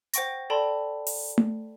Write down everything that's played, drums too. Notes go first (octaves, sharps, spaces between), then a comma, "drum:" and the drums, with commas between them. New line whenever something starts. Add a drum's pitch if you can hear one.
C5 F#5 G5 C#6 A#6, drum: hi-hat
A4 D5 G5 A5 B5 C6
drum: open hi-hat
drum: tom A3